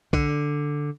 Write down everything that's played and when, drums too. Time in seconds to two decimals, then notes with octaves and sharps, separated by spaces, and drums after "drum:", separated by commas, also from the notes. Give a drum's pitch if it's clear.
0.13 D3, drum: kick B1